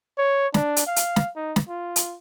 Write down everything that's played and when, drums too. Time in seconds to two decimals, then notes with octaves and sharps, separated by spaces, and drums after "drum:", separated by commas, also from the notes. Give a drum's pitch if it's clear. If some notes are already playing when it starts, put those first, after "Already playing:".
0.18 C#5
0.54 D4, drum: snare
0.76 drum: hi-hat
0.87 F5
0.96 drum: hi-hat
1.16 drum: snare
1.36 D#4
1.56 drum: snare
1.69 F4
1.96 drum: hi-hat